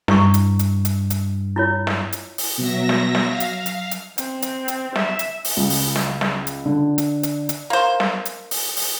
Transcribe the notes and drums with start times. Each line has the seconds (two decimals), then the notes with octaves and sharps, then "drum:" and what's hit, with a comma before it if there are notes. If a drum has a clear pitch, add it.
0.08 G2 E4 C#6, drum: snare
0.34 drum: hi-hat
0.59 drum: hi-hat
0.85 drum: hi-hat
1.10 drum: hi-hat
1.56 E4 F4 C#5
1.87 drum: snare
2.13 drum: hi-hat
2.38 drum: open hi-hat
2.59 B2 F#3 E5 A#6
2.89 drum: snare
3.15 drum: snare
3.28 F5
3.40 drum: hi-hat
3.66 drum: hi-hat
3.91 drum: hi-hat
4.18 C4, drum: hi-hat
4.42 drum: hi-hat
4.68 drum: hi-hat
4.96 E5, drum: snare
5.19 drum: hi-hat
5.45 drum: open hi-hat
5.57 C#2
5.70 drum: open hi-hat
5.96 drum: snare
6.21 drum: snare
6.47 drum: hi-hat
6.66 D3
6.98 drum: hi-hat
7.23 drum: hi-hat
7.49 drum: hi-hat
7.70 A#3 C5
8.00 drum: snare
8.25 drum: hi-hat
8.51 drum: open hi-hat
8.77 drum: open hi-hat